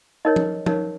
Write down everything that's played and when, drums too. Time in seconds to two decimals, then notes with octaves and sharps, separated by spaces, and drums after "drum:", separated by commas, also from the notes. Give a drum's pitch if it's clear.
0.25 D#4 A#4 C#5 D#5
0.36 drum: tom
0.66 D#4 A#4 C#5, drum: tom